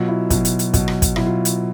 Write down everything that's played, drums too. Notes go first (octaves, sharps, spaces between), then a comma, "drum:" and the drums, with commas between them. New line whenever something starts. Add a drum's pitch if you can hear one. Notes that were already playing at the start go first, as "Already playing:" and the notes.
Already playing: B2 F#3 F4
E4
B2 F#3, drum: kick, hi-hat
drum: hi-hat
drum: hi-hat
B2 F#3, drum: kick, hi-hat
drum: rim click
drum: kick, hi-hat
B2 F#3 E4, drum: rim click
F4
drum: hi-hat